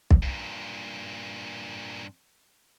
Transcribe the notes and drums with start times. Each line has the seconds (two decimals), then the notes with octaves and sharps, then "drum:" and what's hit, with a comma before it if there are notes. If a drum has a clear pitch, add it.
0.11 drum: kick
0.23 G2 A#2